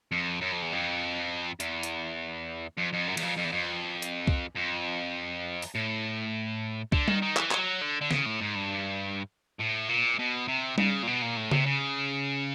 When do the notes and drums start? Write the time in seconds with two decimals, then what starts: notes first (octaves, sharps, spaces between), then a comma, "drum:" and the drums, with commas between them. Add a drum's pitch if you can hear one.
0.12 F2
0.41 F#2
0.52 F2
0.62 E2
0.73 F2
1.60 E2, drum: hi-hat
1.83 drum: hi-hat
2.78 F2
2.93 F2
3.08 F#2
3.17 E2, drum: cymbal
3.23 F2
3.37 F2
3.45 E2
3.52 F2
4.02 drum: hi-hat
4.27 drum: kick C2
4.55 F2
5.62 drum: open hi-hat
5.75 A2
6.92 D3, drum: kick C2
7.08 D#3, drum: tom G3
7.22 D#3
7.37 E3, drum: clap
7.51 F#3, drum: clap
7.81 D3
8.01 D3
8.11 C#3, drum: snare
8.26 A2
8.41 G#2
8.55 G2
9.59 A2
9.88 A#2
10.19 B2
10.48 C3
10.78 C#3, drum: tom G3
11.03 A#2
11.07 B2
11.22 A#2
11.37 A2
11.51 C3, drum: tom C#3
11.66 C#3